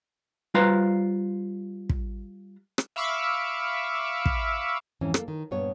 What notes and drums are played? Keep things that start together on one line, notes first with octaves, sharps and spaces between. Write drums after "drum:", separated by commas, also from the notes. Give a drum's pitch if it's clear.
G3 F4 B4 C5 F5 A#5
drum: kick
drum: rim click
E5 F5 B5 C#6 D6 E6
drum: kick
F2 G#2 E3 C#4
A#3 A4, drum: rim click
D#3
G2 A#2 B3 C#5